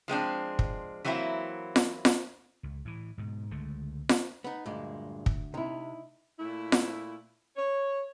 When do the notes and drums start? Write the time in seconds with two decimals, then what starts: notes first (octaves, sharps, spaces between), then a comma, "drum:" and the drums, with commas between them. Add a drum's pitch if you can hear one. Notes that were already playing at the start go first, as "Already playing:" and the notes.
0.08 F3 G#3 C4 D4
0.59 drum: kick
1.05 E3 F#3 A#3 C4 E4
1.76 drum: snare F4
2.05 drum: snare F4
2.63 C#2
2.85 A2 E3
3.18 G#2 B2
3.51 C#2 D3 G#3 A3
4.09 drum: snare F4
4.44 B3 D#4
4.66 D2 G2 A#2 G#3
5.26 drum: kick
5.54 C3 D#4 E4
6.39 A#2 A3 E4
6.72 drum: snare F4
7.57 C#5